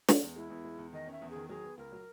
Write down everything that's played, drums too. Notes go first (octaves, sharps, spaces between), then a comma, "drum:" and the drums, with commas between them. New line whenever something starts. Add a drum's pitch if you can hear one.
G#3, drum: snare
E2
G#3 E4
E2
G#3
E2
D#3 D#5
C#4 E5
E2
G#4
D#3
F#3 G#4
B3
C#2 A#4
F#3